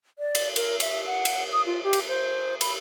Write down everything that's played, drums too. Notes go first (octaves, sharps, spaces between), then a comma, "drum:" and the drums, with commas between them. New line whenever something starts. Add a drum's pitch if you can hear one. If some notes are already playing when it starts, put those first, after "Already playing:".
D5
drum: cymbal
A#4, drum: cymbal
E5, drum: cymbal
F#5
drum: cymbal
D#6
F4
G4
drum: cymbal
C5
B5, drum: cymbal